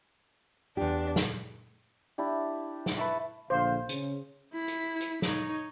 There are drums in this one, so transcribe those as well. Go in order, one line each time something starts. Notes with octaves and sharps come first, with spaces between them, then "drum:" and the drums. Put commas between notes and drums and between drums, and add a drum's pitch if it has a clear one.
E2 D4 G4
drum: snare
D4 E4 G4
drum: snare
B4 E5 A5 C#6
A#1 D3 C5 F5
C#3, drum: hi-hat
E4 B6
drum: hi-hat
drum: hi-hat
D#4 C#5, drum: snare